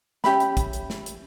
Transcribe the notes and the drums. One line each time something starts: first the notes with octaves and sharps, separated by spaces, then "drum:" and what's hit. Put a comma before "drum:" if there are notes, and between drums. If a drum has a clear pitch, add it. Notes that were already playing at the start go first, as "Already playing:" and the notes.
C#4 G4 E5 B5, drum: snare
drum: hi-hat
drum: kick, hi-hat
drum: hi-hat
drum: snare
drum: hi-hat